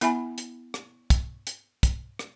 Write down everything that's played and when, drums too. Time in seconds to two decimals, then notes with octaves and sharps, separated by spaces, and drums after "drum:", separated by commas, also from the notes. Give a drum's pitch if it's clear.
0.01 B3 E4 E5 G#5 B5, drum: hi-hat
0.38 drum: hi-hat
0.74 drum: rim click
1.10 drum: kick, hi-hat
1.47 drum: hi-hat
1.83 drum: kick, hi-hat
2.19 drum: rim click